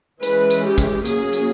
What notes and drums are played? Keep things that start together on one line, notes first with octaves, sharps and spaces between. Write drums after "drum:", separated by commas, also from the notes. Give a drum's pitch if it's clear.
E3 G#3 C#4 B4, drum: hi-hat
drum: hi-hat
G4
drum: kick, hi-hat
F#3 A#3 C#4 G#4, drum: hi-hat
drum: hi-hat